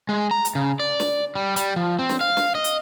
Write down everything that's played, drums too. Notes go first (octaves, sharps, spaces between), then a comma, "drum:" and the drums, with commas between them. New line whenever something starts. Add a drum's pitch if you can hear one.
G#3
A#5
drum: hi-hat
C#3
D5
drum: snare
G3
G3, drum: hi-hat
F3
C4
drum: snare
F5
drum: snare
D#5
drum: hi-hat